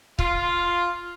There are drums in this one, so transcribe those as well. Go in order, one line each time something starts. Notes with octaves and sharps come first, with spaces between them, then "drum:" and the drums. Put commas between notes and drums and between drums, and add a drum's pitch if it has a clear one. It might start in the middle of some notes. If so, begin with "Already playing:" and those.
F4, drum: kick C#1